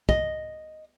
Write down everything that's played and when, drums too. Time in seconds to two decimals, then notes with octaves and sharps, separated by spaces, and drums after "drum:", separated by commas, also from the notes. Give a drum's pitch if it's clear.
0.09 D#5, drum: kick